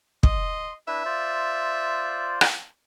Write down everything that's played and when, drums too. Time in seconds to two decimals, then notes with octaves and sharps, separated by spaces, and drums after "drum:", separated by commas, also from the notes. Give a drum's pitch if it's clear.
0.23 D#5 C6, drum: kick
0.88 D4 E4 B4 E5
1.05 F4 C5 D5
2.41 drum: rim click